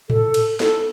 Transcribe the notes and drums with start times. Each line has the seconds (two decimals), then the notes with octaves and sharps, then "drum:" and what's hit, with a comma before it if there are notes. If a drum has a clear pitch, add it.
0.10 A4, drum: tom A2
0.34 drum: cymbal
0.60 A4, drum: snare